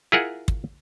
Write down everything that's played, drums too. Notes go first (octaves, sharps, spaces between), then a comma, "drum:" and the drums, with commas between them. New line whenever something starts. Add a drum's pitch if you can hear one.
E4 F4 G#4 A#4 F#5
drum: kick